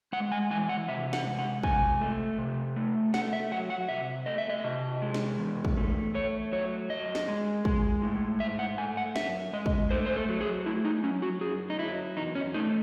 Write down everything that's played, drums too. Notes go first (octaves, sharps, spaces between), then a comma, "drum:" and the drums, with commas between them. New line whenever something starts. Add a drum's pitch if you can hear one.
G#3 F#5
G#5
E3 G#5
F#5
C3 E5
F#5, drum: snare
G#3
F#5
C3 G#5, drum: kick
A3
C3
A3
A3 F#5, drum: snare
E5
F#3 F#5
F#5
C3 E5
A3 D#5
E5
D#5
C3
G#3
drum: snare
E2
drum: kick
A3
A3 C#5
F#3 C#5
F#2 D#5
drum: snare
G#3
G#3, drum: kick
A2
G#2 E5
F#5
A3 G#5
F#5
F#2 E5, drum: snare
G#3 D#5
drum: kick
A3 C5
C5
A4
F#3
G#4
A3 E4
D#4
F#3 C#4
F#4
F#2 G#4
D#4
F#3 E4
E2 D#4
C#4
A3 D#4